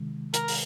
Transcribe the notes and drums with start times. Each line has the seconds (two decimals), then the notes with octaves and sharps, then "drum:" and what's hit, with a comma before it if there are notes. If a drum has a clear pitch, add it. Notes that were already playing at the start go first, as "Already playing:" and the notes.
Already playing: C3 D#3 G#3
0.34 A#4, drum: hi-hat
0.48 drum: open hi-hat